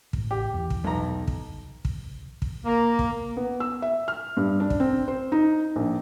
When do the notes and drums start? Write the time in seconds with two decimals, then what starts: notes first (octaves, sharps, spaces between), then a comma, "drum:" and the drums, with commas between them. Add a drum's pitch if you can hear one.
0.13 A1, drum: kick
0.31 G4
0.54 E2 E3
0.70 drum: kick
0.84 B1 A#5
1.28 drum: kick
1.85 drum: kick
2.42 drum: kick
2.66 A#3
2.99 drum: kick
3.37 B3
3.60 E6
3.82 E5
4.08 F6
4.37 G2
4.60 D4
4.70 drum: kick
4.80 C4
5.08 C5
5.32 D#4
5.76 A#1